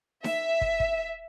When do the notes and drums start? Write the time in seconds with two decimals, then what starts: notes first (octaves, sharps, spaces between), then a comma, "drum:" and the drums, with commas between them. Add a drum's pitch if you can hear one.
0.24 E5, drum: snare D#4
0.61 drum: kick
0.80 drum: kick